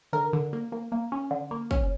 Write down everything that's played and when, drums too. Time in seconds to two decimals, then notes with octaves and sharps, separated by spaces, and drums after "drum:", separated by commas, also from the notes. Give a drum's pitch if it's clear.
0.13 D3 A#4
0.33 D3
0.53 A#3
0.72 A#3
0.92 A#3
1.12 C#4
1.31 D3
1.51 A#3
1.71 C#4, drum: kick